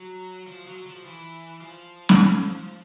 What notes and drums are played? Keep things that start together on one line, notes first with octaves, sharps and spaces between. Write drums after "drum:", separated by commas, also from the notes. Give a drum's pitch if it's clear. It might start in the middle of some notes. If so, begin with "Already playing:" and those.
Already playing: F#3
F3
F#3
F3
E3
F3
drum: snare